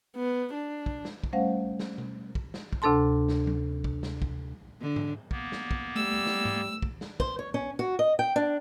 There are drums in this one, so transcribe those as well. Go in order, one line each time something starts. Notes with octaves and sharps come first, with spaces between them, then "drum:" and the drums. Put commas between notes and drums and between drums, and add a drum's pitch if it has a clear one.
B3
D4
drum: kick
drum: snare
drum: kick
G3 A3 C#4 C5 F5 F#5
drum: snare
drum: tom B2
drum: kick
drum: snare
drum: kick
D2 C3 D4 A4 A5 C6
drum: snare
drum: tom F#3
drum: kick
drum: snare
drum: kick
D3
drum: tom G#2
A#3 B3, drum: kick
drum: snare
drum: kick
G3 A3 E6
drum: snare
drum: tom G#2
drum: kick
drum: snare
C5, drum: kick
C#5
C#4
F#4
D#5
G5
D4